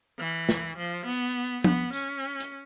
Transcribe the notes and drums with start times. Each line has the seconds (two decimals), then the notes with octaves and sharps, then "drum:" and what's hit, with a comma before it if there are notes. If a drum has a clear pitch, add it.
0.19 E3
0.49 drum: snare
0.77 F3
1.06 B3
1.64 B3, drum: tom
1.93 C#4, drum: tambourine
2.40 drum: hi-hat